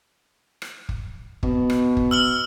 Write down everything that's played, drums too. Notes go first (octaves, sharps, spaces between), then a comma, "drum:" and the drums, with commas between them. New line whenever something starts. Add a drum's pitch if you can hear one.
drum: rim click
drum: kick
B2, drum: kick
drum: rim click
drum: kick
E6 F6 F#7